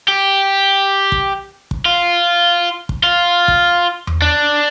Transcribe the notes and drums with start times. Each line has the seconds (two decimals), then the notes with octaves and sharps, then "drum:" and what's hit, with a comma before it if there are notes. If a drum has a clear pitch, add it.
0.08 G4
1.12 drum: kick
1.71 drum: kick
1.86 F4
2.89 drum: kick
3.04 F4
3.48 drum: kick
4.07 drum: tom E2
4.22 D4